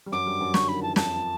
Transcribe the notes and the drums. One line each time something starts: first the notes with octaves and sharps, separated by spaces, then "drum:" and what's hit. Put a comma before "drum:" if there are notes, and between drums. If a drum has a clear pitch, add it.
G3
F#2 F#3 D6
G2 G3
F#2 F#3
D3 C#6, drum: snare
D#3 B5
E3 A5
F2 F3 A5, drum: snare